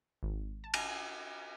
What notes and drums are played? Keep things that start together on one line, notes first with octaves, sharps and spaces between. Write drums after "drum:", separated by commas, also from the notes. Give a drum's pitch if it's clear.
G#1
A5
drum: cymbal